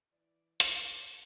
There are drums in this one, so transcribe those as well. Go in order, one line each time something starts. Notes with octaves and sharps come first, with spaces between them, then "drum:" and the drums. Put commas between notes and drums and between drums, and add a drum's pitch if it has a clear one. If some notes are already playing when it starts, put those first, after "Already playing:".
E3 D5
F2 G#3, drum: hi-hat